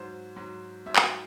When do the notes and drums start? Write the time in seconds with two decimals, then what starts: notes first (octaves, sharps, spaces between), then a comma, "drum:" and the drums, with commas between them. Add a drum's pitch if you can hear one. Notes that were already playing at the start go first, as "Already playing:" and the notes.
Already playing: G#2 F#3 C5
0.36 G#2 F#3
0.86 G#2 F#3 E5
0.96 drum: clap